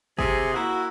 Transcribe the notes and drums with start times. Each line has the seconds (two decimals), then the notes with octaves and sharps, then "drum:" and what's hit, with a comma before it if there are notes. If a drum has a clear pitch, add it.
0.19 C3 G#4, drum: kick
0.54 A#3 E4 F#4